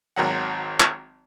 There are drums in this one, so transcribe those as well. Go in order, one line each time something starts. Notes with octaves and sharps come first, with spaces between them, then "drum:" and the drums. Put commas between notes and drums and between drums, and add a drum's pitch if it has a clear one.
G#1 D#3 F#3 F#5
drum: clap